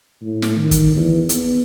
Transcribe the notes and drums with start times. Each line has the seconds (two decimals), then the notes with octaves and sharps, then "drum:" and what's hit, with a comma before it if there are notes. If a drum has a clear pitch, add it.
0.21 A2
0.42 drum: snare
0.56 D#3
0.71 drum: kick, hi-hat
0.96 E2
1.29 B3, drum: hi-hat